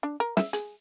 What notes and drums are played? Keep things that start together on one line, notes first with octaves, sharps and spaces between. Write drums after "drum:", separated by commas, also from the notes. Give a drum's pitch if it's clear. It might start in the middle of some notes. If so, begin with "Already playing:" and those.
D4
A#4
E5, drum: snare
G#4, drum: hi-hat